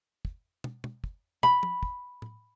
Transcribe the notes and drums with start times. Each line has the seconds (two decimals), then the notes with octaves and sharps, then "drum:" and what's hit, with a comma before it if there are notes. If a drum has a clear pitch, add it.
0.25 drum: kick
0.64 drum: tom
0.84 drum: tom
1.04 drum: kick
1.43 B5, drum: tom
1.63 drum: tom
1.83 drum: kick
2.22 drum: tom A2